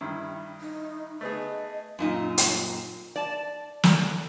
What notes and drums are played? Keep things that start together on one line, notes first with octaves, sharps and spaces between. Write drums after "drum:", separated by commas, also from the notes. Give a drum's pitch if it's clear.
G2 D#3 E4
D#4
A3 B3 G#4 D#5
F#2 A#2 D#4
drum: hi-hat
D5 A5
drum: snare